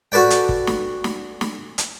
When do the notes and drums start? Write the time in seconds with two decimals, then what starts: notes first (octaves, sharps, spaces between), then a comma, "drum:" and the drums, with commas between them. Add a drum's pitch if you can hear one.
0.12 F#4 A4 B4 D5 G5
0.30 drum: hi-hat
0.49 drum: kick
0.67 drum: snare
1.04 drum: snare
1.41 drum: snare
1.78 drum: hi-hat